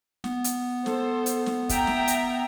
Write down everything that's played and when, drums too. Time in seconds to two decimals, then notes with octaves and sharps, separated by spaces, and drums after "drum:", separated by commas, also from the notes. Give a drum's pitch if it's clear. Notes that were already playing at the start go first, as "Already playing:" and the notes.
0.24 B3, drum: snare
0.44 drum: hi-hat
0.86 A4 C5, drum: snare
1.26 drum: hi-hat
1.46 drum: snare
1.69 E5 G5 A#5, drum: kick, hi-hat
1.87 drum: snare
2.07 drum: hi-hat